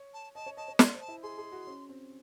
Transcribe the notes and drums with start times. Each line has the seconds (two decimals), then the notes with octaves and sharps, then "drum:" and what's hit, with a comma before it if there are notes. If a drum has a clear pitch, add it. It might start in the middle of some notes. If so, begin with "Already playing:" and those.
Already playing: C#5
0.14 A5
0.35 D#5 A5
0.46 C#5
0.57 D#5 A5
0.68 C#5
0.79 D#5 C6, drum: snare
0.94 C5
1.01 A5
1.08 E4
1.23 G#4 C6
1.38 G#4
1.52 F#4
1.67 C#4
1.89 C4